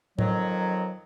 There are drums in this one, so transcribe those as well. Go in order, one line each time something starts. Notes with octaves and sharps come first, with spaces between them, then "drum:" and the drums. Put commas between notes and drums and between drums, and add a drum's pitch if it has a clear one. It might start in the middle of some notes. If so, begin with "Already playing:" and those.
F2 D#3 F#3, drum: tom A2